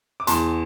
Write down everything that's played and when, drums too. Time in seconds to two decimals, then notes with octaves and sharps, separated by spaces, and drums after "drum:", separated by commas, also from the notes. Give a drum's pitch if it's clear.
0.20 D6
0.27 E2 A5 C6, drum: hi-hat